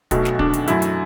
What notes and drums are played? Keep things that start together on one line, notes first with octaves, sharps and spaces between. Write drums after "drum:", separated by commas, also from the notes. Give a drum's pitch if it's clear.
B1 B2 F#3 A3, drum: kick, hi-hat
drum: snare
D4, drum: kick
drum: hi-hat
F#2 F#3 A3 E4, drum: hi-hat
drum: hi-hat